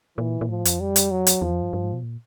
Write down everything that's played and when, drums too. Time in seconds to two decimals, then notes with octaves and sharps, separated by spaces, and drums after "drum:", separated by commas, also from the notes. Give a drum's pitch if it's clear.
0.18 A#2 E3
0.41 A#2
0.49 A2 F3
0.65 F2, drum: hi-hat
0.80 G3
0.96 drum: hi-hat
1.11 F#3
1.27 drum: hi-hat
1.41 E2 F3
1.52 F2
1.62 G2
1.73 G2
1.84 G#2
1.93 B2
2.03 A#2